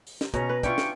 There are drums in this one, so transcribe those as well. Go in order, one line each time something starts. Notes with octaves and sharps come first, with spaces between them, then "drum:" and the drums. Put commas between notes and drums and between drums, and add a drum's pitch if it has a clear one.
drum: open hi-hat
drum: snare
B2 C#4 A#5, drum: kick, hi-hat
B4
C#4 D4 E4 F4 G5 C#6, drum: kick, hi-hat
drum: snare